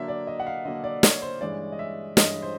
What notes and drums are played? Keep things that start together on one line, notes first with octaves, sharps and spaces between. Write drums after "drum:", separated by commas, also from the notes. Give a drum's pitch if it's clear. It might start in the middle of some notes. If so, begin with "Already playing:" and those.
Already playing: D3 F#3 A#3 D4 E5
D5
D#5
F#5
F5
D3 F#3 A#3 D4 D#5
D5
C#5, drum: snare
C5
G2 E3 G#3 C#4 D5
D#5
E5
G2 E3 G#3 C#4 D#5, drum: snare
C5